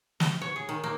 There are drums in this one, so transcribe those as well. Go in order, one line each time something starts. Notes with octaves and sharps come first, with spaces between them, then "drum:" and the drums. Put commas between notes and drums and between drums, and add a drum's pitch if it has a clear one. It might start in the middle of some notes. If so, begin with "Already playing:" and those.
D#5, drum: snare
C#5
G#4
D#3
A#3